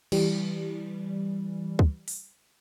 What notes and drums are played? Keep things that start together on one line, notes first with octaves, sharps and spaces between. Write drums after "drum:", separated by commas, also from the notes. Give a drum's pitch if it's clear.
E3 G3, drum: cymbal
drum: kick
drum: open hi-hat